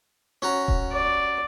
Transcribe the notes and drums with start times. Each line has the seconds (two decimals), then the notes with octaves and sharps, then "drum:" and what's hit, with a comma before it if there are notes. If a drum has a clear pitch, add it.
0.42 C#4 F#4 A#5
0.68 drum: kick D#1
0.92 D5